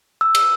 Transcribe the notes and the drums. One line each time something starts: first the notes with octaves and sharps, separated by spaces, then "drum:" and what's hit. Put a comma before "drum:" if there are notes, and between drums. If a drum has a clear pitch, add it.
E6
drum: cymbal